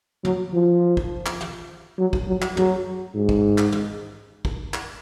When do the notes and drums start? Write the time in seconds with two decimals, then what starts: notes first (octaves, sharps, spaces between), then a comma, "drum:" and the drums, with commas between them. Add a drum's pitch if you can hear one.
0.25 F#3, drum: tom
0.53 F3
0.97 drum: kick
1.26 drum: clap
1.41 drum: tom
1.98 F#3
2.13 drum: kick
2.28 F#3
2.42 drum: clap
2.57 F#3, drum: tom
3.15 G#2
3.29 drum: kick
3.58 drum: clap
3.72 drum: tom
4.45 drum: kick
4.74 drum: clap